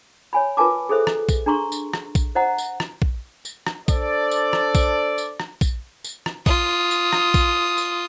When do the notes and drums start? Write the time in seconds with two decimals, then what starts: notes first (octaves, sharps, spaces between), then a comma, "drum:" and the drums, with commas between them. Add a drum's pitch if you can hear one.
0.33 C#5 G#5 B5
0.57 F4 A#4 B4 G#5 A5 D6
0.89 G#4 A4 C5 E5
1.07 drum: rim click
1.29 drum: kick, tambourine
1.46 D4 G#4 A#5 C6 C#6
1.72 drum: tambourine
1.94 drum: rim click
2.15 drum: kick, tambourine
2.35 C5 D#5 F#5 A#5
2.58 drum: tambourine
2.80 drum: rim click
3.02 drum: kick
3.45 drum: tambourine
3.67 drum: rim click
3.88 D4 A4 C5 D5, drum: kick, tambourine
4.31 drum: tambourine
4.53 drum: rim click
4.75 drum: kick, tambourine
5.18 drum: tambourine
5.40 drum: rim click
5.61 drum: kick, tambourine
6.04 drum: tambourine
6.26 drum: rim click
6.46 F4 D#6, drum: kick, tambourine
6.91 drum: tambourine
7.13 drum: rim click
7.34 drum: kick, tambourine
7.77 drum: tambourine